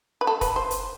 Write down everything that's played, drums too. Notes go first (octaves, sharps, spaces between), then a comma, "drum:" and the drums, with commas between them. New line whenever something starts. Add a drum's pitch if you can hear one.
B4
A4
B4, drum: kick, hi-hat
C5
drum: hi-hat